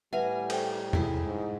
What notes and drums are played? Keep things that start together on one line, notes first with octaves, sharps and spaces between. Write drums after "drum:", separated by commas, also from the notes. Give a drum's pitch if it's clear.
A2 G3 B4 E5 F#5 G#5 A#5
A4 C5 G5, drum: cymbal
E4 G#4 E5, drum: tom E2
G#2